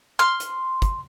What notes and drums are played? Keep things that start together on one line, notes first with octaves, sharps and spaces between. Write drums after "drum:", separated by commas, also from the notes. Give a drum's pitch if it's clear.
C6 F6
drum: hi-hat
drum: kick, hi-hat